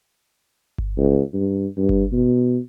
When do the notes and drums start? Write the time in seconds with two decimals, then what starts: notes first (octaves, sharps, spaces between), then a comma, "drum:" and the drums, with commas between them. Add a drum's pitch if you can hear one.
0.78 drum: kick G1
0.98 C#2
1.34 G2
1.77 G2
1.89 drum: kick G1
2.12 B2